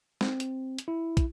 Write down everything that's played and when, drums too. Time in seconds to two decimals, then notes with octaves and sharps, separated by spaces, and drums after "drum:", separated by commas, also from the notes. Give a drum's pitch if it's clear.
0.21 C4, drum: snare
0.40 drum: hi-hat
0.78 drum: hi-hat
0.88 E4
1.17 drum: kick, hi-hat